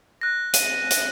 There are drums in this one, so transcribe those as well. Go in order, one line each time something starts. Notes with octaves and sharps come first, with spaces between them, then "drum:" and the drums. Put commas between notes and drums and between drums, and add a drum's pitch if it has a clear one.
F#6 A#6
D#7, drum: hi-hat
drum: hi-hat